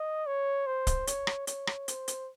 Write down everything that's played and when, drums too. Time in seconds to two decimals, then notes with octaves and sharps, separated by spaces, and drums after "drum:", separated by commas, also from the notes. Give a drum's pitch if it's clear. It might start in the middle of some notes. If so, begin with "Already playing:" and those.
Already playing: D#5
0.27 C#5
0.67 C5
0.87 drum: kick C#1, hi-hat
1.07 C#5, drum: hi-hat
1.27 drum: rim click
1.47 C#5, drum: hi-hat
1.67 drum: rim click
1.88 C5, drum: hi-hat
2.08 drum: hi-hat